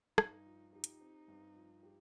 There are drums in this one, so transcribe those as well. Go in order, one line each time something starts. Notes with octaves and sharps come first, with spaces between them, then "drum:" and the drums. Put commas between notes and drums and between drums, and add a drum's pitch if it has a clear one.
G2 D#4, drum: rim click
F3
D#4 G4
drum: hi-hat
C4
G2
F3
G4